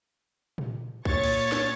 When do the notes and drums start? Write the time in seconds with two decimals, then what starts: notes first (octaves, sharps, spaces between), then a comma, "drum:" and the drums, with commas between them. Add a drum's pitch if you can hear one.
0.58 drum: tom
1.05 A#2 C#5 C#6 A6, drum: kick
1.24 drum: cymbal
1.52 drum: snare